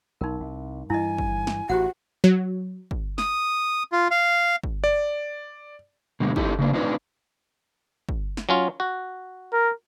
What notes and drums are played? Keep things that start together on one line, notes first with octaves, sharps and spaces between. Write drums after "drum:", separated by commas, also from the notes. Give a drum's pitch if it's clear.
B1 D#4 A#4
C2
G2 E3 E4 D#5 G#5
drum: kick
drum: snare
A1 F#4 G4 C5 F#5
F#3
drum: kick
D#6, drum: snare
F4
F5
drum: kick
D5
B2 D3 G3 G#3
C#4 D#4 E4 G4 A4, drum: kick
C#3 A#3 D4
C4 D4 D#4 F4 B4 C#5
drum: kick
drum: snare
F#3 C#4 F4
F#4
A#4